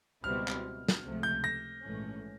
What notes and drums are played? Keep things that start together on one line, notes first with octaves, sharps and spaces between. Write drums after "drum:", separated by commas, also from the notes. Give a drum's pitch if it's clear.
C#2 B2 G3 C4 E4 F6
drum: clap
drum: snare
C#2 C3 F3 A3
G6
A#6
A#1 G#2 E3 A3 C#4